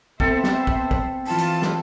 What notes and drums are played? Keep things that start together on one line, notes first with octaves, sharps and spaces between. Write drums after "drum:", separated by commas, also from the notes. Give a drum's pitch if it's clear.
B3 C4 A4 C5 E5, drum: kick
drum: snare
drum: kick
drum: kick
E3 F4 A5
drum: hi-hat
drum: snare